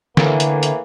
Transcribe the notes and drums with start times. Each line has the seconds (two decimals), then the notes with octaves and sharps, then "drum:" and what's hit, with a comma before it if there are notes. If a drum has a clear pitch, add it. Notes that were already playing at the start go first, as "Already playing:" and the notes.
0.17 A2 D3 E3 A#3, drum: snare
0.40 drum: hi-hat
0.63 drum: hi-hat